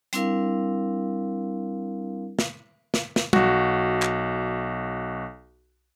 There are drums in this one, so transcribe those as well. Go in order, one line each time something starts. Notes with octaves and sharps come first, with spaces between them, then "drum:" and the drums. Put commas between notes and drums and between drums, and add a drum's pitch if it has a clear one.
G3 C4 D4 E4 A#4 F5, drum: hi-hat
drum: snare
drum: snare
drum: snare
B1 F#4, drum: tom
drum: clap